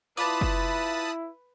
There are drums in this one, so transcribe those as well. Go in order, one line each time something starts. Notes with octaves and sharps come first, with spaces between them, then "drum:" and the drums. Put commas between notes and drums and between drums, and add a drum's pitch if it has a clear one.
E4 F4 B4 D5 A5 B5 D#6, drum: tambourine
drum: kick